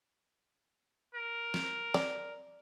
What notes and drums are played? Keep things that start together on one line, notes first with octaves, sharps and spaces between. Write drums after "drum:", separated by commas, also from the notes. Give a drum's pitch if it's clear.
A#4
drum: snare
D5, drum: snare